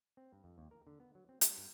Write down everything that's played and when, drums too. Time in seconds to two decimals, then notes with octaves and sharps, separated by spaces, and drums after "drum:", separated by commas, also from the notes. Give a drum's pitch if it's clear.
0.17 C4
0.33 G2
0.44 F2
0.58 D#2
0.71 A#4
0.87 D3
1.00 B3
1.15 F#3
1.29 C4
1.41 G3, drum: hi-hat
1.58 G2